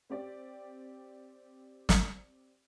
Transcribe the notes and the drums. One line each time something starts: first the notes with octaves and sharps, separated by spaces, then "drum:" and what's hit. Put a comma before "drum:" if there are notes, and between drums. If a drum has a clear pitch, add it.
C4 G4 D5
drum: snare